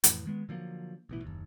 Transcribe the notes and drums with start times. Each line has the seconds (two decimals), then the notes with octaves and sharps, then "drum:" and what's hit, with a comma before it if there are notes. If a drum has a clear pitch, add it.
0.04 F2 A2 E3, drum: hi-hat
0.26 D#3 G#3 B3
0.49 D3 F3 F#3 A#3
1.09 A1 B2 E3
1.22 F#1 D#2